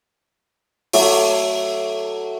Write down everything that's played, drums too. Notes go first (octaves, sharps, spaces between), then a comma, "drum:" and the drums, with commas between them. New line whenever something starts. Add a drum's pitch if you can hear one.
F#3 A3 E5 D6, drum: open hi-hat